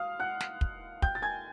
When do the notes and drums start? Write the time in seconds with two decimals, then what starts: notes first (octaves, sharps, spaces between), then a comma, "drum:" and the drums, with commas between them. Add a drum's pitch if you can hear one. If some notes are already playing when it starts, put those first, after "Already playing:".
Already playing: F5 D#6 F6
0.20 F#5 F#6
0.40 drum: snare
0.61 drum: kick
1.02 G5 G6, drum: kick
1.15 A6
1.22 G#5 G#6